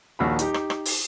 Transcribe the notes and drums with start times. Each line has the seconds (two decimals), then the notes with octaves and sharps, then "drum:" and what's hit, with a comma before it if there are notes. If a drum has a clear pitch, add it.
0.19 A#1 D#2 F#4 B5
0.39 D#4 G4, drum: hi-hat
0.54 drum: rim click
0.70 drum: rim click
0.85 drum: open hi-hat